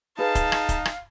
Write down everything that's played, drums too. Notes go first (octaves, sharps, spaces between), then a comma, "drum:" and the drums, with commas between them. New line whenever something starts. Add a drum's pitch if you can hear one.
D#4 G#4 B4 F5 A5
drum: kick, hi-hat
drum: rim click
drum: kick, hi-hat
drum: rim click